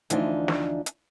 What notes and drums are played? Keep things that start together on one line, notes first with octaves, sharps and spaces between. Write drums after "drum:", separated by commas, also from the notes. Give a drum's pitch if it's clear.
D2 E3 F3 B3 D4 D#4, drum: hi-hat
drum: snare
drum: hi-hat